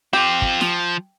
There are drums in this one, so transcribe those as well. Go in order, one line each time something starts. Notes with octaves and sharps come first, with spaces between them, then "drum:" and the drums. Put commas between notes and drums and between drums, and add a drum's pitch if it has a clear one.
C4 F4 G4
drum: kick
F3, drum: snare